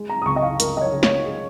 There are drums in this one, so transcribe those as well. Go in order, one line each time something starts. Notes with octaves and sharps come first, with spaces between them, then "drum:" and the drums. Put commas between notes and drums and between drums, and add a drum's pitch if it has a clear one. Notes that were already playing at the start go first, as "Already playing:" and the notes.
Already playing: G#3
A#5
D#6
C#2 C#6
D#5
F5
C#2 A#4, drum: hi-hat
D#5
C#5
C#3
C#5, drum: snare
G#3